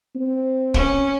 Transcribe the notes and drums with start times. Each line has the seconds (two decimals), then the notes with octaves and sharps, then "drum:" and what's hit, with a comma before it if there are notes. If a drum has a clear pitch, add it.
0.15 C4
0.74 C#4, drum: kick